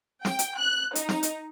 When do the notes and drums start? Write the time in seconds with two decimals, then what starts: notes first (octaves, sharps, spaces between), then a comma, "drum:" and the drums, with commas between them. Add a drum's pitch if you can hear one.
0.25 G5, drum: snare
0.39 drum: hi-hat
0.58 F#6
0.95 D#4, drum: hi-hat
1.09 drum: snare
1.23 drum: hi-hat